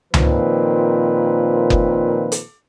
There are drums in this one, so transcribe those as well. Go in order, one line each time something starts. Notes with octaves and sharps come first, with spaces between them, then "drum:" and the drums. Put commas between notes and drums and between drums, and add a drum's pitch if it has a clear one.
A#2 D#3 F3 C4 B4, drum: tom C#2
drum: kick F#1
drum: hi-hat